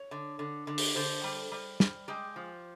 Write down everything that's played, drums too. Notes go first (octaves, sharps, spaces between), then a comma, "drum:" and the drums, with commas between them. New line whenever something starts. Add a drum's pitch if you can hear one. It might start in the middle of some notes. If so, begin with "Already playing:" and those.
Already playing: C#5
D3
D3
D3
drum: open hi-hat
D3 C5
G3
G3
G3, drum: snare
G#3 G4
F3